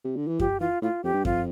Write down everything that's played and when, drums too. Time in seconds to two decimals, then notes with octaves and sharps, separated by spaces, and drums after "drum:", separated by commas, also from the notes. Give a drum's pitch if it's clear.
0.05 C3
0.16 D3
0.28 E3
0.40 F3 G4, drum: kick F#2
0.60 E3 F4
0.82 A2 F4
1.04 F2 G4
1.14 G2
1.25 F2 F4, drum: kick F#2